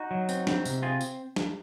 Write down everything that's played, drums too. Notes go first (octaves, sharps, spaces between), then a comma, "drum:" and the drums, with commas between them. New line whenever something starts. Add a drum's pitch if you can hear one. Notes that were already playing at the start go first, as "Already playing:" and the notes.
Already playing: D#4 F#4
F#3
C4, drum: tambourine
C4, drum: snare
C3, drum: tambourine
C4 F4 G#4
drum: tambourine
drum: snare